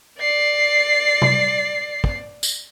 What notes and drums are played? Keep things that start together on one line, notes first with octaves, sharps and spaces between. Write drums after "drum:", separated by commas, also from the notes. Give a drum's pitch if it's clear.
D5 C7
drum: tom C3
drum: kick
drum: tambourine